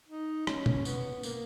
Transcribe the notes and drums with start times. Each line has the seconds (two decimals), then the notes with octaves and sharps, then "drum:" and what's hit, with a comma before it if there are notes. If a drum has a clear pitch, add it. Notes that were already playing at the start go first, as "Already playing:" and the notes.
0.09 D#4
0.47 C#4, drum: rim click
0.66 drum: tom
0.85 B3, drum: tambourine
1.23 A#3, drum: tambourine